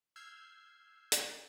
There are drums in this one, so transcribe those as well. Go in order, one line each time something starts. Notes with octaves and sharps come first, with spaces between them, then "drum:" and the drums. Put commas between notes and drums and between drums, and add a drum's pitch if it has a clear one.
E6 F6 G6 G#6 C7
drum: hi-hat